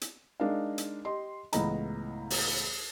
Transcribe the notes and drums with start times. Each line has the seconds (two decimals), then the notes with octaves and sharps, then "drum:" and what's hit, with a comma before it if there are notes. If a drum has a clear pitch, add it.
0.01 drum: hi-hat
0.40 G#3 D4 D#4 A#4 D#5 F5
0.78 drum: hi-hat
1.05 G4 D#5 C6
1.53 C#2 A2 E3 B3 D#5 A#5, drum: hi-hat
2.30 drum: open hi-hat